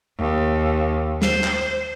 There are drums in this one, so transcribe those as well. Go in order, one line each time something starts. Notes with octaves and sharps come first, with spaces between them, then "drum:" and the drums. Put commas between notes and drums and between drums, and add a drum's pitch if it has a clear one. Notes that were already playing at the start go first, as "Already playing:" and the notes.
D#2
C5, drum: snare
drum: clap